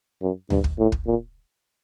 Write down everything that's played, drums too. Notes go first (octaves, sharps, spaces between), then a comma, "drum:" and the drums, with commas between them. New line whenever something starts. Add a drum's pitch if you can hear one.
F#2
G2, drum: tom D2
drum: kick
A2
drum: kick
A#2